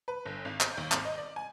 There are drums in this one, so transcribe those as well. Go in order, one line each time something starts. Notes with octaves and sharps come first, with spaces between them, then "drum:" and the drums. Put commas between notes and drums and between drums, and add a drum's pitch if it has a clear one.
B4
G1
G#1
G6, drum: clap
D#2
G#1, drum: clap
D#5
D5
G#5